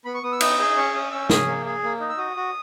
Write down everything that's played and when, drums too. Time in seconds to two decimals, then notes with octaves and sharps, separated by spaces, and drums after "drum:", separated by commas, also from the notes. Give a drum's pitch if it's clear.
0.05 B3 B5
0.14 C#6
0.23 B3 D#6
0.32 E6
0.41 D#4 D#6, drum: cymbal
0.59 G#4
0.77 C#4 C#6
0.94 C#4 D#6
1.12 C#4 E6
1.30 G#4 D#6, drum: snare
1.47 A#3
1.65 G#4
1.83 A#3
2.00 D#4
2.09 E6
2.18 F#4 D#6
2.36 F#4